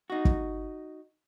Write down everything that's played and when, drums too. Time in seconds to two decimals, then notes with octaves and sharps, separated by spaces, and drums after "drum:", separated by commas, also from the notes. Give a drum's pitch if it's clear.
0.10 D#4 F#4
0.25 drum: kick